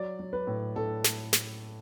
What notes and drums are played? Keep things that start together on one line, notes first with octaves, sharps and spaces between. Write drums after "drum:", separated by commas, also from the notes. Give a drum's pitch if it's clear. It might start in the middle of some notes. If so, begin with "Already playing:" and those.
Already playing: F#3 D5
F#3
B4
A2
A2 A4
drum: snare
drum: snare